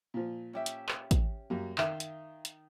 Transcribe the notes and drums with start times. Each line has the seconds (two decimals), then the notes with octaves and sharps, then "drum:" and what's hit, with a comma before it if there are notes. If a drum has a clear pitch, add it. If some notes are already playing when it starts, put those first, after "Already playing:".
0.14 A#2 F3
0.53 C#4 G4 E5
0.66 drum: hi-hat
0.89 drum: clap
1.11 drum: kick, hi-hat
1.50 F#2 G3 A#3
1.78 D#3 E5 F5, drum: clap
2.00 drum: hi-hat
2.45 drum: hi-hat